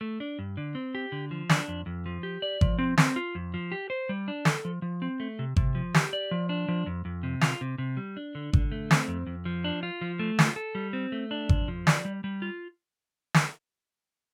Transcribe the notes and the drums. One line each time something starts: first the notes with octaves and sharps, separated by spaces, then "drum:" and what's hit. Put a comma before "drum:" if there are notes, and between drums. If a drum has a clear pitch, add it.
A3
D4
G2
D3
C4
G4
D3
F3
D4, drum: snare
F2
F2
F3
G4
D5
F3, drum: kick G#1
C4
C4, drum: snare
F4
F2
F3
G4
C5
G3
D4
A4, drum: snare
F3
F3
C4
A3
C3
C3, drum: kick G#1
F3
G4, drum: snare
D5
F3
D4
F3
F2
F2
C3
F4, drum: snare
C3
C3
G3
D4
D3
D3, drum: kick G#1
A3
C4, drum: snare
F2
F2
F3
D4
F4
F3
A3
F4, drum: snare
A4
G3
C4
A3
D4
F2, drum: kick G#1
F3
D5, drum: snare
G3
G3
F4
drum: snare